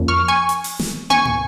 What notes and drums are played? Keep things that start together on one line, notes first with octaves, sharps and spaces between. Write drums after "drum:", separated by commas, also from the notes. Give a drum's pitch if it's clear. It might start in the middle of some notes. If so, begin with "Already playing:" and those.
Already playing: F2 F3 A#3 C#4
C#6 F6
G#5 C#6
drum: hi-hat
drum: open hi-hat
drum: snare
G#5 C#6, drum: tom
drum: tom